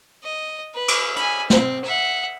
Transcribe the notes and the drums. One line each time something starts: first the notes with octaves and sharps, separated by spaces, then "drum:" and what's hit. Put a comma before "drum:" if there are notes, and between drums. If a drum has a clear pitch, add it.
D#5
B4
drum: cymbal
G#5 B5, drum: hi-hat
C4, drum: snare
E5 F#5